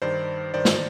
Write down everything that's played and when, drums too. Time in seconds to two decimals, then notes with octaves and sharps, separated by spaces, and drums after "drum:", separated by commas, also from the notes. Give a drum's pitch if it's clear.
0.02 G2 D#3 C5 D5
0.54 G2 D#3 C5 D5
0.65 drum: snare